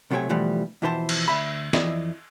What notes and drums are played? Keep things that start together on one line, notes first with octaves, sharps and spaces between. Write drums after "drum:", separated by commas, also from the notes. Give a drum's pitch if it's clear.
B1 C3 F#3 A3 G5 G#5
B2 D3 E3 F3 G3 A3
F2 B2 E3 E4 C5 A5
drum: cymbal
D2 E5 B5
F2 E3 E4 D5 D#5, drum: snare